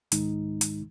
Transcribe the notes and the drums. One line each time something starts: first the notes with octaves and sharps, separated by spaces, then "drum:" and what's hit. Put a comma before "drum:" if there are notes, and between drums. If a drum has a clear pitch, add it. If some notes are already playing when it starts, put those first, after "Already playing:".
C2 G#2 D#3 G#3 D#4, drum: hi-hat
drum: hi-hat